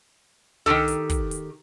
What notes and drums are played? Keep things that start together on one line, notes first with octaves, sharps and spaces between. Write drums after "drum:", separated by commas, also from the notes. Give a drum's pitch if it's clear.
D#3 F4 G4 A4, drum: tom
drum: hi-hat
drum: kick, hi-hat
drum: hi-hat